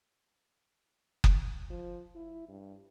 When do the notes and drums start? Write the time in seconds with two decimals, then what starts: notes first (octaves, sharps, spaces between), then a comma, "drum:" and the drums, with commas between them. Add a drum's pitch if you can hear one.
1.24 drum: kick F#1
1.70 F3
2.15 E4
2.48 G2